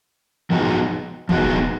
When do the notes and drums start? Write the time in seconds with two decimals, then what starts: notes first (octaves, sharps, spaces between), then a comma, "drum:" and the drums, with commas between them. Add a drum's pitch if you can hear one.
0.50 F3 G#3 B3 D#4 F#4
1.29 F3 G#3 B3 D#4 F#4, drum: kick